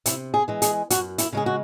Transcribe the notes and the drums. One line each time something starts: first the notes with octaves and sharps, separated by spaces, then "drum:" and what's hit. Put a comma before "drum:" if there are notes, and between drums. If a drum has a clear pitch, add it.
C3 E4, drum: hi-hat
G#4
E3 G#3
G#4, drum: hi-hat
F#2 F#4, drum: hi-hat
E4, drum: hi-hat
C#3 G#3 G#4
F#4